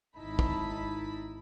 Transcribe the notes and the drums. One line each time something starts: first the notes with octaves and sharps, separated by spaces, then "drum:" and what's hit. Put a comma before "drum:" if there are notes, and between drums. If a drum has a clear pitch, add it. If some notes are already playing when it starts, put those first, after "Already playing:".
G#1 D#4 E4 A5 B5 B6
drum: kick